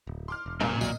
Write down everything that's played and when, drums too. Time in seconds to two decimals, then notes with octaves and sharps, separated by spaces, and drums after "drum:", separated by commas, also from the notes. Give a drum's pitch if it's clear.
0.07 D1
0.28 C6 D6 F6
0.46 E1
0.60 G#1 A#2 C#3 G#5, drum: tom A2
0.81 B1 E2 F#3 D#5, drum: tambourine